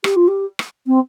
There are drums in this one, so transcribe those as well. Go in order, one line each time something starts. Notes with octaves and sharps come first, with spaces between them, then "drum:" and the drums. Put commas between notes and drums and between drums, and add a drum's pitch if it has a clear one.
G4, drum: rim click
F4
G4
drum: rim click
C4